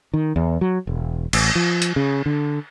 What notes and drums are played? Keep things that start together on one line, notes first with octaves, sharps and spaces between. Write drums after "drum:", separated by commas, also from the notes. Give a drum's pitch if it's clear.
D#3
E2
F#3
E1
A1, drum: cymbal
F3
drum: hi-hat
C#3
D3